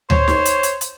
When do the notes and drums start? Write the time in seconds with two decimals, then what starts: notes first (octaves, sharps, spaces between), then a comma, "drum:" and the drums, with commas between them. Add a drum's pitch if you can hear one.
0.10 C5 C#5, drum: tom D2
0.28 drum: snare D#4
0.45 drum: hi-hat
0.63 drum: hi-hat
0.81 drum: hi-hat